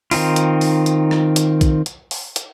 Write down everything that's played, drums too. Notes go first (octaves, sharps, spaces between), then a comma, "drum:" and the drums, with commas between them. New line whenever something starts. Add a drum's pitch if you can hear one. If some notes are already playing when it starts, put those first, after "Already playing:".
D#3 C4 D#4 F4, drum: open hi-hat
drum: hi-hat
drum: open hi-hat
drum: hi-hat
drum: rim click
drum: hi-hat
drum: kick, hi-hat
drum: hi-hat
drum: open hi-hat
drum: hi-hat